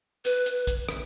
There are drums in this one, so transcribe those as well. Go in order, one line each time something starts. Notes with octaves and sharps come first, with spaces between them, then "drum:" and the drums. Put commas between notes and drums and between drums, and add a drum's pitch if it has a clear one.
B4, drum: hi-hat
drum: hi-hat
drum: kick, hi-hat
drum: rim click